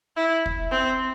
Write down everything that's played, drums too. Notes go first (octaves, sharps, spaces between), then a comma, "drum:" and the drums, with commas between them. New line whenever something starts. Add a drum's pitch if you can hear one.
E4
drum: kick
C4